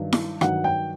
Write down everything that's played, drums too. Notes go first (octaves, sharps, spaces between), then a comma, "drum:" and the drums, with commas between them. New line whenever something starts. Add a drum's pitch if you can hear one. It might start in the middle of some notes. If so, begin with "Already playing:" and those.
Already playing: G2 D#3 F#3
drum: snare E4
G2 D#3 F#3 F#5, drum: rim click
G5